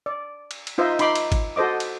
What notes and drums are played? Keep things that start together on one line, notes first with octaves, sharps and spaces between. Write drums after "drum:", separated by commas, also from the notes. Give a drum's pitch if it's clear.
D5
drum: cymbal
drum: cymbal
D#4 F4 C5 D#5 E5
D#4 B5 C6 D6, drum: cymbal
drum: cymbal
drum: kick, cymbal
F#4 A4 C5 D#5 D6
drum: cymbal